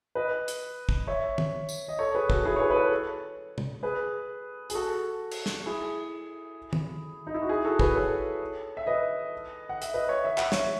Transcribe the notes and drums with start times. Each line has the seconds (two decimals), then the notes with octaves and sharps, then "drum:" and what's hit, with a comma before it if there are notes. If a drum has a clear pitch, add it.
0.15 B4 D#5
0.48 drum: hi-hat
0.89 drum: kick
1.07 C#5 E5
1.38 drum: tom
1.69 drum: tambourine
1.88 D#5
1.99 A4 C#5
2.15 G#4 B4
2.30 F#4 A4, drum: kick
2.45 E4 G#4
2.56 C#5
2.60 G#4 B4
2.71 B4
2.76 A4 C#5
3.58 drum: tom
3.83 G#4 B4
4.70 G#4, drum: hi-hat
4.75 F#4 A4
5.31 drum: cymbal
5.46 drum: snare
5.66 E4 G#4
6.73 drum: tom
7.27 D#4
7.34 E4
7.42 F#4
7.49 E4 G#4
7.64 F#4 A4
7.79 G#4 B4, drum: kick
7.95 A4 C#5
8.77 E5
8.87 B4 D#5
9.69 F#5
9.82 E5, drum: hi-hat
9.94 B4 D#5
10.09 C#5 E5
10.25 E5
10.38 F#5, drum: clap
10.52 C#5 E5, drum: snare